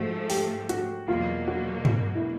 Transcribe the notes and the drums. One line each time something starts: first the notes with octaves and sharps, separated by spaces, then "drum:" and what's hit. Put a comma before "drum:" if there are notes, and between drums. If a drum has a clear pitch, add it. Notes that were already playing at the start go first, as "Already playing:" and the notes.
Already playing: G#2 F3 A3 F#4
G4, drum: open hi-hat
F#4, drum: hi-hat
E2 B2 F#3 A#3 F4
F#4
drum: tom
E4